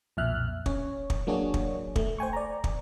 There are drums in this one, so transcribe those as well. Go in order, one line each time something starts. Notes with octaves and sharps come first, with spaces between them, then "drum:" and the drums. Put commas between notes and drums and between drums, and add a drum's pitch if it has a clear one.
B1 F2 A#2 E5 F6 F#6
C#4 C#5, drum: kick
drum: kick
F#3 A#3 D4 F#4 G#4 C#5
drum: kick
A3, drum: kick
C5 G5 G#5 C#6
D5 A#5
drum: kick